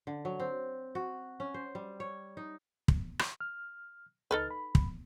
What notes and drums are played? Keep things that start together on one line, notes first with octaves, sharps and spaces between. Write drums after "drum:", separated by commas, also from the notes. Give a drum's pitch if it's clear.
D3
F#3
C4
F#4
C#4
C5
G3
C#5
D#4
drum: kick
drum: rim click
F6
C#2 D#4 A4 B4 F6 A6
B5
drum: kick